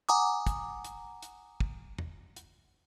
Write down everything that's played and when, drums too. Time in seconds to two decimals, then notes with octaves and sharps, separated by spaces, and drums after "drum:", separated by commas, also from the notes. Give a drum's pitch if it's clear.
0.09 F#5 G#5 A#5 D6 D#6, drum: hi-hat
0.47 drum: kick, hi-hat
0.85 drum: hi-hat
1.22 drum: hi-hat
1.60 drum: kick
1.98 drum: tom
2.36 drum: hi-hat